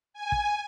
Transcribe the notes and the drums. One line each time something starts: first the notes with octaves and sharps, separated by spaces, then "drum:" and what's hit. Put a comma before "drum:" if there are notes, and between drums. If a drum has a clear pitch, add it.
G#5
drum: kick